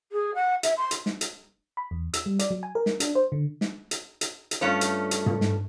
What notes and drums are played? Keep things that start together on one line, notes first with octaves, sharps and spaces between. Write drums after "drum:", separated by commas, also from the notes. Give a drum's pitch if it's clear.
G#4
F#5
E5, drum: hi-hat
C6
drum: hi-hat
drum: snare
drum: hi-hat
B5
E2
E6, drum: hi-hat
G3
D5, drum: hi-hat
F#3
G#5
A#4
drum: snare
D4, drum: hi-hat
C5
D3
drum: snare
drum: hi-hat
drum: hi-hat
drum: hi-hat
G2 A3 C#4 F4 C#5
drum: hi-hat
drum: hi-hat
drum: tom
drum: snare